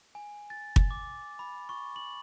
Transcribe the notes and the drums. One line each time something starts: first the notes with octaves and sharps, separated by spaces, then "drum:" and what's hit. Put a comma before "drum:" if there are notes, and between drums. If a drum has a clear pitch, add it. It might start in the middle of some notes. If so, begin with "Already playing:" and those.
G#5
A6
drum: kick
D6
B5
C#6
F#7